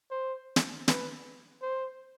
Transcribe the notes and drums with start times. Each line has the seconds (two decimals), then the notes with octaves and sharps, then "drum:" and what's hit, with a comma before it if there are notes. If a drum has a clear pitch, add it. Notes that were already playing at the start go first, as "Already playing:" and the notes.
0.11 C5
0.56 drum: snare
0.88 B4, drum: snare
1.62 C5